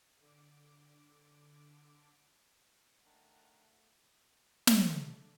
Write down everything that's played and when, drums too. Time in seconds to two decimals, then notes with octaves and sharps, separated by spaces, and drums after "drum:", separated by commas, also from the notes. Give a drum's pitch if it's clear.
0.20 D3 D6
3.05 D#3 A3 D4 F#5 A#5
4.67 A3 D4, drum: snare